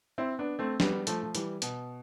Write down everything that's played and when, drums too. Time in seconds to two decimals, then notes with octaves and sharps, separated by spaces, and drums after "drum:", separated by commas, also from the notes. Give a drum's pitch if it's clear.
0.18 C4 E4
0.39 B3 D4
0.59 A3 C4
0.80 G3 B3, drum: snare
1.07 F3 A3, drum: hi-hat
1.23 F3
1.35 E3 G3, drum: hi-hat
1.62 B2, drum: hi-hat